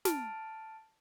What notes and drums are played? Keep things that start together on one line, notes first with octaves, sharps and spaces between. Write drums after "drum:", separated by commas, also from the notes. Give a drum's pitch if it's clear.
A5 F6 D7, drum: snare